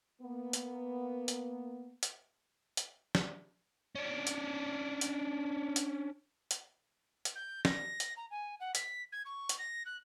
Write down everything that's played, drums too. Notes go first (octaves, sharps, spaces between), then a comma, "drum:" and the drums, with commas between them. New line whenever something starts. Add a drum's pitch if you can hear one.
A#3 B3
drum: hi-hat
drum: hi-hat
drum: hi-hat
drum: hi-hat
drum: snare
C#4 D4
drum: hi-hat
drum: hi-hat
drum: hi-hat
drum: hi-hat
drum: hi-hat
G6
A#6, drum: snare
drum: hi-hat
A#5
G#5
F#5
B6, drum: hi-hat
G#6
C#6
drum: hi-hat
A#6
F#6